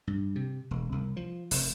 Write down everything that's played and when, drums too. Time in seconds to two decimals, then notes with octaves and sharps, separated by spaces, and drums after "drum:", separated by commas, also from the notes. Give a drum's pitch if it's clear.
0.07 G2
0.36 C3
0.71 E1
0.92 C2
1.16 F3
1.51 F1, drum: open hi-hat